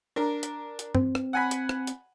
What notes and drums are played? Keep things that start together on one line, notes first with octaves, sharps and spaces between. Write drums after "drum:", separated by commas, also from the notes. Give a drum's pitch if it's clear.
D4 A#4
drum: hi-hat
drum: hi-hat
C4, drum: tom
drum: rim click
F#5 G#5 B5
drum: hi-hat
drum: rim click
drum: hi-hat